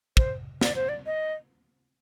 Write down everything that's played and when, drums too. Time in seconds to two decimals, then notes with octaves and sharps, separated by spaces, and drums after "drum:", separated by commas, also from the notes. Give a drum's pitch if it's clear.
0.17 C5, drum: kick
0.61 D5, drum: snare
0.75 C5
0.89 D5
1.06 D#5